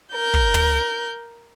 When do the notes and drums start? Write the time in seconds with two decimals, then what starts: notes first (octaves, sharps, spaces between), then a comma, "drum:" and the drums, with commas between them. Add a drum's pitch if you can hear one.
0.13 A#4 G6
0.34 drum: kick
0.54 drum: tom